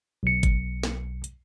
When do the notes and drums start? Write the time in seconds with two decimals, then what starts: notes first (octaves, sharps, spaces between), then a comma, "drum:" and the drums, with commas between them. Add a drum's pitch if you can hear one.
0.23 B1 C#7
0.43 drum: kick G#1, hi-hat
0.83 drum: snare
1.24 drum: hi-hat